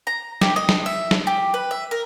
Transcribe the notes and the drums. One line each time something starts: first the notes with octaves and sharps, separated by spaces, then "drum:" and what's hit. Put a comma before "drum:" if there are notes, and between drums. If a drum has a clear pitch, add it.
A#5
G4, drum: snare
D#5
drum: snare
E5
drum: snare
G4
B4
E5
A#4